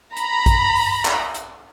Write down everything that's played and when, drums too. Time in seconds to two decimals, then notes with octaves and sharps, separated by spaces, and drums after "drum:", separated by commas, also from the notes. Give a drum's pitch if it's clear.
0.17 A#5 B5, drum: hi-hat
0.46 drum: kick A1, hi-hat
0.76 drum: open hi-hat
1.05 drum: clap
1.34 drum: hi-hat